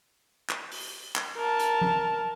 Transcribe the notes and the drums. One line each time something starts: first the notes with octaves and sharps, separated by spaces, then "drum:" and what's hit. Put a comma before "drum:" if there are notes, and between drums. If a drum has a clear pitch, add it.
drum: clap
drum: open hi-hat
drum: clap
A#4 A5
drum: hi-hat
drum: tom F3